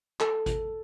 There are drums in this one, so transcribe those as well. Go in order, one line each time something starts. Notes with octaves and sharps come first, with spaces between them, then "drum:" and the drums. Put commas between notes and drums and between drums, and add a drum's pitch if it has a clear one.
A4, drum: clap
drum: kick G#1, hi-hat